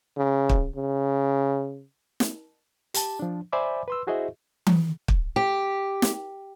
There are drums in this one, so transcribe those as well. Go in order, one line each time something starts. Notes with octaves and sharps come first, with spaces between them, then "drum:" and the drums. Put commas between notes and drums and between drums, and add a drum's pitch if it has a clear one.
C#3
drum: kick
C#3
drum: snare
G4 A5, drum: hi-hat
F3 D4
C5 D5 E5 G#5 B5 D6
B4 C6 E6
E4 F#4 G#4 C5 D#5 E5
drum: tom E3
drum: kick
G4
drum: snare